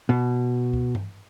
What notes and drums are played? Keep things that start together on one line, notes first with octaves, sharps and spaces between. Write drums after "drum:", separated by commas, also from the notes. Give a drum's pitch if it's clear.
B2
drum: kick C#2
drum: tom G2